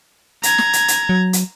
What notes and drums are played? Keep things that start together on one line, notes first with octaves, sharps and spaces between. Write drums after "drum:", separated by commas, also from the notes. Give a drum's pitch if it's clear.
A#5 G#6, drum: hi-hat
drum: snare
drum: hi-hat
drum: hi-hat
F#3
drum: hi-hat